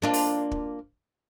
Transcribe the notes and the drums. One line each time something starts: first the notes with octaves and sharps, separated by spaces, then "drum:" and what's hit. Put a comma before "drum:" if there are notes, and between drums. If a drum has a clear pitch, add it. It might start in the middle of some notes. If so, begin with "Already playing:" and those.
A#3 D4 F4
drum: open hi-hat
drum: kick